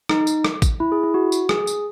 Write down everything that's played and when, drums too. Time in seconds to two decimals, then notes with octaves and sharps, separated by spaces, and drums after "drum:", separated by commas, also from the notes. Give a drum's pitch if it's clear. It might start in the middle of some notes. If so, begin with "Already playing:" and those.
0.09 D#4, drum: rim click
0.27 drum: tambourine
0.44 drum: rim click
0.62 drum: kick A1, tambourine
0.80 E4
0.92 G#4
1.04 E4
1.14 F#4
1.32 drum: tambourine
1.49 G#4, drum: rim click
1.67 drum: tambourine